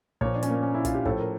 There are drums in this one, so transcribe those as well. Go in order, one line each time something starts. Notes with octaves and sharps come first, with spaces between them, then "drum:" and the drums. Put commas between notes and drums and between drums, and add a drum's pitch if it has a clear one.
A#2 F3 C#5, drum: kick
D4
C#4, drum: hi-hat
A#3
C#4
E4
F4, drum: kick, hi-hat
G4
A2 F3 A4, drum: kick
A#4